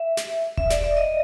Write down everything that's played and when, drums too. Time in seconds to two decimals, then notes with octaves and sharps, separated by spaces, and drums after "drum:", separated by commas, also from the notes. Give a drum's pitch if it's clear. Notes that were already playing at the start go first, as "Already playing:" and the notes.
Already playing: E5
0.17 drum: snare
0.57 E5, drum: kick E1
0.70 D5, drum: snare
0.84 E5
0.97 D#5